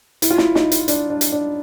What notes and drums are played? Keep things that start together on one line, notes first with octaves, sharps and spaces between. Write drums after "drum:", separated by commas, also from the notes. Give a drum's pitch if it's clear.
E4, drum: hi-hat
F4
E4, drum: snare
D#4, drum: snare
drum: hi-hat
D4, drum: hi-hat
D4
drum: hi-hat
D4